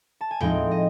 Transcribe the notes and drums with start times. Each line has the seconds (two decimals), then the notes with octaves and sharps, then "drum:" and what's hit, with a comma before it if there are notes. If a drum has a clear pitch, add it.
0.21 A5
0.31 G#5
0.41 A2 F3 G#3 C4 D#4 G5, drum: tom D#2
0.71 D#5